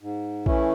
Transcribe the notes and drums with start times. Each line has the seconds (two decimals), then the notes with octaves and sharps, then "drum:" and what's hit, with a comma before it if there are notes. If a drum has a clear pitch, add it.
0.02 G#2
0.46 E3 A3 C#4 E4, drum: kick A#1